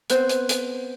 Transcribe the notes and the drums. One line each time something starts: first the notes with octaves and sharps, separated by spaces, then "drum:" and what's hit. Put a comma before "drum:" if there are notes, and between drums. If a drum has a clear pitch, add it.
B3 C4 C5 F#6, drum: hi-hat
drum: hi-hat
drum: hi-hat